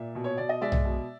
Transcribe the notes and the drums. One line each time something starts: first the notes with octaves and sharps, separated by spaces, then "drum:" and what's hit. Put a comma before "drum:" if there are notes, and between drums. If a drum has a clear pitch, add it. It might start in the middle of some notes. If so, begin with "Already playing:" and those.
Already playing: A#2 D5 E5
B2
C#5
B2 D5
D#5
G#3 D5 E5
drum: tom
B2